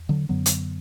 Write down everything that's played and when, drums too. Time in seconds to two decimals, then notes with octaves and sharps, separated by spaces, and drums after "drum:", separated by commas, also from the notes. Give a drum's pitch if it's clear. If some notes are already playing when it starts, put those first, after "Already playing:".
Already playing: E2
0.09 D3 F#3
0.29 F#2 D3 F#3 B3
0.46 drum: hi-hat